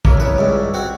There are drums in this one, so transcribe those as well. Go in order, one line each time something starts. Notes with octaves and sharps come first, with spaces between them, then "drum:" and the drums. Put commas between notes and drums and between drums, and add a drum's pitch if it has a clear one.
A#3 A#4 C#5 E5, drum: kick
C2 C#3 B4
C#2 G2
C4 F#4